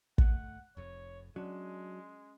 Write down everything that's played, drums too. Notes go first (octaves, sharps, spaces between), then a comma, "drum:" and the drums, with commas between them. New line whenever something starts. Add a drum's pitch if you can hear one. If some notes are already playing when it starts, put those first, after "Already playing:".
G1 A3 F#5, drum: kick
F1 F2 C#5
F#3 G#3 C#4 D4